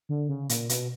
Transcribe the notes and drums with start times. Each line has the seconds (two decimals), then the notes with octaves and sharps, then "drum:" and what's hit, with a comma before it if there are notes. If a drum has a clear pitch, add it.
0.09 D3
0.29 C#3
0.49 A#2, drum: hi-hat
0.69 B2, drum: hi-hat